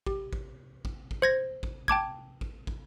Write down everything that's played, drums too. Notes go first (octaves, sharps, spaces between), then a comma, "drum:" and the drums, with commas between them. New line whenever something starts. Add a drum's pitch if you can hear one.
G4, drum: kick
drum: kick
drum: kick
drum: kick
C5 G#6 A#6
drum: kick
G5 A5 D6 G#6, drum: kick
drum: kick
drum: kick